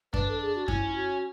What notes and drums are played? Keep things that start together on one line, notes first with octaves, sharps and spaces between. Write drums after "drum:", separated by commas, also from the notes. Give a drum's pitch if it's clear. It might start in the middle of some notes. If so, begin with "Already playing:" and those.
D4 B4, drum: kick F#2
A4
G#4
F#4
C#4 E4, drum: kick F#2
F#4